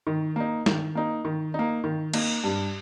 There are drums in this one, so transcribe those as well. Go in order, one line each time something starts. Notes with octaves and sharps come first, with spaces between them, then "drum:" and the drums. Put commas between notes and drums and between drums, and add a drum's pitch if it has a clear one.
D#3
A#3 D#4
D#3, drum: snare
A#3 D#4
D#3
A#3 D#4
D#3
A#3 D#4, drum: cymbal
G2